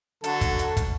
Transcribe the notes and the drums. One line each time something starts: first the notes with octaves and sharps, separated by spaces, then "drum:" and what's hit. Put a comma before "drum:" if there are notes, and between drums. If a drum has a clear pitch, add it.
D3 F#3 A4, drum: hi-hat
drum: kick, hi-hat
drum: hi-hat
drum: kick, hi-hat